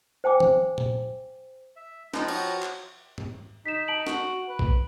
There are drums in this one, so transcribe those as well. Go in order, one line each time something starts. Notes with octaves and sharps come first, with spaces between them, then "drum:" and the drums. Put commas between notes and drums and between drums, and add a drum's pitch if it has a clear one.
C5 G5 G#5 D6
drum: tom
drum: tom A#2
E5
F3 D#4 B4 G5 A#5, drum: snare
F#4 C#5, drum: cymbal
drum: clap
drum: tom G#2
D#4 B6 E7
A5 D7 F#7
F#4, drum: snare
B4
drum: kick A#1